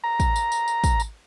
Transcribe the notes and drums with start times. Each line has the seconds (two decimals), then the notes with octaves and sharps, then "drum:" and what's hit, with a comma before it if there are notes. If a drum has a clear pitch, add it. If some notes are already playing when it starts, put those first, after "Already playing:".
0.04 A#5
0.20 drum: kick, tambourine
0.36 drum: tambourine
0.52 drum: tambourine
0.68 drum: tambourine
0.84 drum: kick, tambourine
1.00 drum: tambourine